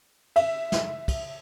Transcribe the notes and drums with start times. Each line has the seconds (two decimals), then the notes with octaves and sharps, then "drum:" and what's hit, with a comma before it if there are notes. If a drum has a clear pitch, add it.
0.36 E5, drum: cymbal
0.72 drum: snare
1.08 drum: kick, cymbal